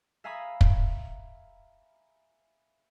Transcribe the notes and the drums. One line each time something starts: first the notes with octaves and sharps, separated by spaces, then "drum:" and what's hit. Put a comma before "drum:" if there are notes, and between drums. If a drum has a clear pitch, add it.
E5 F5 G#5 A#5 B5 D#6
drum: kick